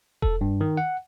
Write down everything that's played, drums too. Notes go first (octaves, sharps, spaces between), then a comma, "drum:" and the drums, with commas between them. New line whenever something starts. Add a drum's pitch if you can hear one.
A4, drum: kick E1
G2
D#3
F#5